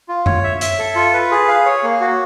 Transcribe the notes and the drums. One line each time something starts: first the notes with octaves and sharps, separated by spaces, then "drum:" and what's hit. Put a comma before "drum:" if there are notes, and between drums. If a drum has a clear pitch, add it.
F4
C#5, drum: tom F#2
E5
E5, drum: hi-hat
A4
F4
B4
G#4
F5
C#5
A#3
F#4